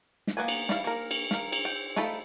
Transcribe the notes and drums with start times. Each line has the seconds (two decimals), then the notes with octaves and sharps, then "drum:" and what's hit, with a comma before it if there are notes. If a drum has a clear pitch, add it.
0.27 drum: snare
0.37 A#3 B3 B4 G#5
0.48 drum: cymbal
0.69 G3 E4 F5, drum: snare
0.84 A#3 A#4
1.11 drum: cymbal
1.31 A#4 F5, drum: snare
1.52 drum: cymbal
1.65 G5
1.96 A3 D#4 F4 A4 B5, drum: snare